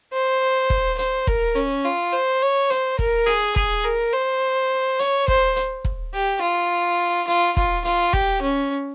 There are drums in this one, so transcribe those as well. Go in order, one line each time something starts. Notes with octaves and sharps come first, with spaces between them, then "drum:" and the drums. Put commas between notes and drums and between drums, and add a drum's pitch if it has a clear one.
C5
drum: kick
C5, drum: hi-hat
A#4, drum: kick
C#4
F4
C5
C#5
C5, drum: hi-hat
A#4, drum: kick
G#4, drum: hi-hat
G#4, drum: kick
A#4
C5
C#5, drum: hi-hat
C5, drum: kick
drum: hi-hat
drum: kick
G4
F4
F4, drum: hi-hat
F4, drum: kick
F4, drum: hi-hat
G4, drum: kick
C#4